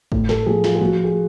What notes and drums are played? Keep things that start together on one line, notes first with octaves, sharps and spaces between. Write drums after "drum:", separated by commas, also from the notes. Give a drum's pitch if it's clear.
A2, drum: kick
A4, drum: snare
F3 G#4
F4, drum: snare
G#4
F3 F#4
G#4